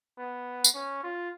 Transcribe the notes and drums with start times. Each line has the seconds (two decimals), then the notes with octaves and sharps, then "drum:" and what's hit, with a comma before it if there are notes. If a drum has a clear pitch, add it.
0.18 B3
0.64 drum: tambourine
0.74 C#4
1.03 F4